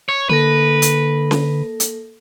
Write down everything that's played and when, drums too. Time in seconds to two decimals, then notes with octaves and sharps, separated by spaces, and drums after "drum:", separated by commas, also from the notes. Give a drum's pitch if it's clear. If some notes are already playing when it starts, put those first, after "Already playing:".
0.09 C#5
0.29 D3 A#3 A4 B4 A#6
0.82 drum: hi-hat
1.31 drum: snare C#4
1.80 drum: hi-hat